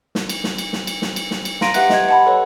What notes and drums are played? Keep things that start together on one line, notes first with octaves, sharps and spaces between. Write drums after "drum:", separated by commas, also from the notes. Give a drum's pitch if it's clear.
drum: snare
drum: cymbal
drum: snare
drum: cymbal
drum: snare
drum: cymbal
drum: snare
drum: cymbal
drum: snare
drum: cymbal
F5 A#5 C6 A#6 D7 D#7, drum: snare
G4 B4 E5 F#5 F#6, drum: cymbal
D#5 G#6, drum: snare
F#5 A5 B5
A4 B4 C#5